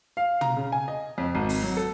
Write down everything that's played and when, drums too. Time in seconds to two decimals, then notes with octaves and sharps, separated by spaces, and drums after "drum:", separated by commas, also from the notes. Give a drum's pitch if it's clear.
0.17 F5
0.41 A#5, drum: tom
0.57 C#3
0.72 G#5
0.88 D#5
1.18 F2
1.35 G#1
1.49 drum: open hi-hat
1.63 F#3
1.77 A4